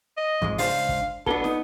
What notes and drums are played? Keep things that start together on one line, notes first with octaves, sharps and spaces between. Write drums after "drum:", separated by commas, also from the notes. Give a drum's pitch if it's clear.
D#5
F2 G#2 G#3, drum: kick
C#2 D4 C5 F5, drum: open hi-hat
drum: kick
B3 D4 F#4 A4, drum: kick
D#4, drum: snare